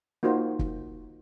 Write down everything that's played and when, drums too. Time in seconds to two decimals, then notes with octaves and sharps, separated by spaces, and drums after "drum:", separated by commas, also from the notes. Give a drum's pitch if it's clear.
0.23 A#3 D#4 F4 F#4 C5
0.59 drum: kick